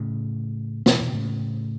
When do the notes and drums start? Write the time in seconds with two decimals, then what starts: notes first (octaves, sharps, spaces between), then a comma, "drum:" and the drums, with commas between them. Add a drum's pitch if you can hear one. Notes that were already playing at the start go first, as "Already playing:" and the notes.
Already playing: A2 C#3
0.86 B2 E3, drum: snare
1.01 B2
1.12 A2 C#3